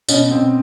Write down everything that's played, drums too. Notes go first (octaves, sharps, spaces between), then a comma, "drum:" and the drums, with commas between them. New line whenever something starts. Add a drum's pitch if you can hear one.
B2 C#4, drum: tambourine
B2 C4